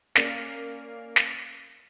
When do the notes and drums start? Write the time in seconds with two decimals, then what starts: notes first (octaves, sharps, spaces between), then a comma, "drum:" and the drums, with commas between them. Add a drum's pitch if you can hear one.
0.15 A#3 C#4 D5 F5, drum: snare
1.16 drum: snare